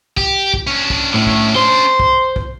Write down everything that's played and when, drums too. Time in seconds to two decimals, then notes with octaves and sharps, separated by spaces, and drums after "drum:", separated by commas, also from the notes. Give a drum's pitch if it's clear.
0.17 G4, drum: kick
0.54 drum: kick
0.67 C#4 D4
0.90 drum: kick
1.14 A2
1.27 drum: kick
1.56 C5
2.00 drum: kick
2.36 drum: kick